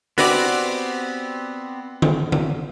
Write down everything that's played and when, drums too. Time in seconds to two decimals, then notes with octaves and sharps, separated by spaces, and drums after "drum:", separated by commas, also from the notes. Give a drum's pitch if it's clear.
0.18 B3 C4 F#4 G4 B4 D5, drum: open hi-hat
2.02 drum: tom D3
2.32 drum: tom D3